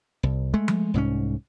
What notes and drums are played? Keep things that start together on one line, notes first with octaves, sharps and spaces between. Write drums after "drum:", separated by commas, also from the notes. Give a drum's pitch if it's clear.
C2
G#3 A3
drum: tom F3
C2 G#2 G#3 C#4